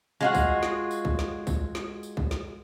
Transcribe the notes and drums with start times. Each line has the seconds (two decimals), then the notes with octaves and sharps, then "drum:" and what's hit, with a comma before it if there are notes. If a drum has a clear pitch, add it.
0.21 G#3 F4 F#4
0.35 drum: kick, tambourine
0.63 drum: snare
0.91 drum: tambourine
1.05 drum: kick
1.19 drum: snare
1.47 drum: kick, tambourine
1.75 drum: snare
2.03 drum: tambourine
2.17 drum: kick
2.31 drum: snare